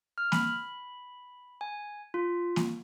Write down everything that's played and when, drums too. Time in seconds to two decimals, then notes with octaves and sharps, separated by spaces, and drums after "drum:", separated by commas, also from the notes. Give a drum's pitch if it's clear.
0.18 F6
0.32 B5, drum: snare A#3
1.61 G#5
2.14 F4
2.56 drum: snare A#3